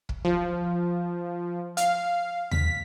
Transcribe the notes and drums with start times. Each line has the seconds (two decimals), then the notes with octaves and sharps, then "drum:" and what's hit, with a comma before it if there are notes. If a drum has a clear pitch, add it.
0.09 drum: kick
0.25 F3
1.77 F5, drum: hi-hat
2.51 B6, drum: tom D#2